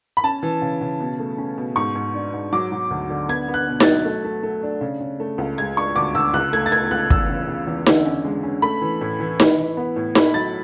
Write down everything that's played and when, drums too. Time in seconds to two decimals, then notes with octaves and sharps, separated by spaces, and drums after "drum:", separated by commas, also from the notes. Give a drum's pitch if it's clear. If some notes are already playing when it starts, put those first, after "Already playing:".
0.17 B5
0.24 C#4 A5
0.43 E3
0.62 C#3
0.81 C#3
1.00 B2
1.19 A3
1.38 C#4
1.58 B2
1.76 G#2 C#6
1.95 G#2
2.14 D4
2.34 G#2
2.53 F#3 D6
2.72 F#3
2.91 D2
3.09 D3
3.29 B3 G#6
3.48 B3
3.54 F#6
3.68 B2
3.80 A6, drum: snare D#4
3.86 F#3
4.05 A3
4.24 A3
4.43 A3
4.63 D4
4.81 C#3
5.00 C#3
5.20 A3
5.38 C#2
5.58 G#3 G#6
5.77 D4 C#6
5.96 D2 D6
6.15 D2 E6
6.34 C#2 F#6
6.53 A3 G#6
6.66 A6
6.72 A3 G#6
6.91 C#2 F#6
7.10 E2 E6, drum: kick
7.30 C#3
7.48 C#3
7.67 E2
7.86 D3, drum: snare D#4
8.06 C#4
8.25 G#3
8.43 C#4
8.62 A3 B5
8.82 E3
9.01 A2
9.20 E3
9.40 E3, drum: snare D#4
9.58 E3
9.77 B3
9.96 A2
10.15 A3 B5, drum: snare D#4
10.34 F#3 A6